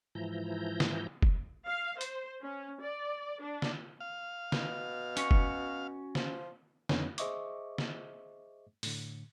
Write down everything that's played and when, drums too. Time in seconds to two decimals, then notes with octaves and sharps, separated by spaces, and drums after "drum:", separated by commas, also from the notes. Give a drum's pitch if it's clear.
0.15 G#2 E3 F3 E4 A#5 G6
0.80 drum: snare
1.22 drum: kick
1.67 F5
2.01 C5, drum: hi-hat
2.40 C#4
2.80 D5
3.40 D4
3.62 drum: snare
4.00 F5
4.52 B2, drum: snare
5.17 C#4 F#4 C#6, drum: hi-hat
5.31 drum: kick
6.15 F3, drum: snare
6.89 F2 D3 B3 C#4 D#4, drum: snare
7.18 G#4 C5 D#5 E5 C#6 D6, drum: hi-hat
7.78 drum: snare
8.83 A2 D3, drum: open hi-hat